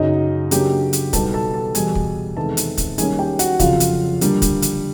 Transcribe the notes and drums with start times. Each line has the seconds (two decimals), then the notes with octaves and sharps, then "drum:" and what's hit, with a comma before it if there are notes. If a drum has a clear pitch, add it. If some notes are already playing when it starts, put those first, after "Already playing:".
Already playing: F#2 C#3 F#3 D#4 D#5
0.51 C#3 F#3 A#3 D4 G4 G5, drum: hi-hat
0.93 drum: hi-hat
1.13 B2 G3 B3 D#4 A4 A5, drum: kick, hi-hat
1.34 A4 A5
1.54 A4 A5
1.75 E2 B2 G3 G#4 G#5, drum: hi-hat
1.95 drum: kick
2.36 E2 C3 D#3 G#3 B3 A4 A5
2.57 drum: hi-hat
2.78 drum: kick, hi-hat
2.98 D#3 G3 A#3 C#4 G#4 G#5, drum: hi-hat
3.19 G4 G5
3.39 F#4 F#5, drum: hi-hat
3.60 F2 C#3 F#3 F4 F5, drum: kick, hi-hat
3.80 drum: hi-hat
4.21 D3 G3 A#3, drum: hi-hat
4.42 drum: kick, hi-hat
4.62 drum: hi-hat